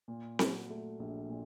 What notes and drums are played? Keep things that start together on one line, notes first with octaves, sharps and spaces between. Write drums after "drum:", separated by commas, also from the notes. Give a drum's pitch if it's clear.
A#2
F#3, drum: snare C4
A3
A#1
A#2